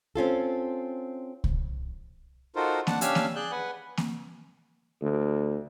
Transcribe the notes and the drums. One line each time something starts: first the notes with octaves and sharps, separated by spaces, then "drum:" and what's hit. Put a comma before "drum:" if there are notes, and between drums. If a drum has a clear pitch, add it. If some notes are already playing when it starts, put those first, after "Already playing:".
C4 C#4 F4 A4
drum: kick C2
D#4 F4 F#4 A4 A#4 C5
D4 F#5 A5, drum: snare A#3
C#4 D4 G4 F5 G#5 E6, drum: hi-hat
drum: snare A#3
G#4 D5 F#6 G6
B4 F#5 G#5
drum: snare A#3
D2